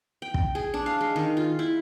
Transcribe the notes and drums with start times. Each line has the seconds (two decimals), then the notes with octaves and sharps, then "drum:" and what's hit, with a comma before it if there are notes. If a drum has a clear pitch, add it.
0.22 G5
0.34 drum: kick
0.55 G#4
0.74 D4
0.86 F5
1.01 G#3
1.16 D#3
1.37 F4
1.59 E4